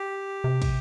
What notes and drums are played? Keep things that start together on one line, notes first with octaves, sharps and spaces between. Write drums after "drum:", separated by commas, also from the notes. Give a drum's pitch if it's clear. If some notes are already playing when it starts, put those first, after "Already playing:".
Already playing: G4
C3
drum: kick, cymbal